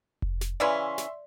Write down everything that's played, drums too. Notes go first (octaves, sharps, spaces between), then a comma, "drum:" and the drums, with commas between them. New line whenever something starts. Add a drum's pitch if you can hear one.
drum: kick F1
drum: snare
C#3 E3 C#4 D5 E5 C6
drum: snare